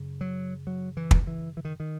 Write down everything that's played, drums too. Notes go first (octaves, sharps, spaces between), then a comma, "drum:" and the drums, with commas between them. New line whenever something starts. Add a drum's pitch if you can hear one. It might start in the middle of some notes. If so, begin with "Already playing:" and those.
Already playing: F#2 C#3
F#3
F#3
E3
drum: kick
E3
E3
D#3
D#3